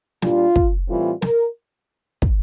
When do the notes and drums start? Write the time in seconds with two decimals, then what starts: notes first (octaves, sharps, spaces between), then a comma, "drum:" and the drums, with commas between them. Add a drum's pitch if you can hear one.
0.22 A#2 G3 D4 F4, drum: snare
0.56 drum: kick
0.88 A2 E3 G3 C4 F4
1.22 A#4, drum: snare
2.22 drum: kick